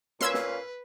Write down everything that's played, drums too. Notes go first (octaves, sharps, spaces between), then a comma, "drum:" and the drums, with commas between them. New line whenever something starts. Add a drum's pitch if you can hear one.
A#2 C#4 B4 F5 C6 E6 G#6, drum: snare
drum: snare